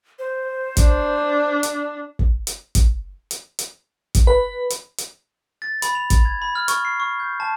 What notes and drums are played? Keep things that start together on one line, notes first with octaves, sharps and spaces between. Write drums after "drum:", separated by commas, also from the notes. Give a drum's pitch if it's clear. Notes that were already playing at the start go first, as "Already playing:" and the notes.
C5
D4, drum: kick, hi-hat
drum: hi-hat
drum: kick
drum: hi-hat
drum: kick, hi-hat
drum: hi-hat
drum: hi-hat
drum: kick, hi-hat
B4 B5
drum: hi-hat
drum: hi-hat
A6
B5, drum: hi-hat
F7
drum: kick, hi-hat
G#6
B5
F6
C#6, drum: hi-hat
C7
C#6
G6
A5